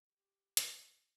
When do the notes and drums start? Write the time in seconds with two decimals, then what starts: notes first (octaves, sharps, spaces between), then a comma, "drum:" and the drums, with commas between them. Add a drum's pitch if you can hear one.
0.09 G4
0.57 drum: hi-hat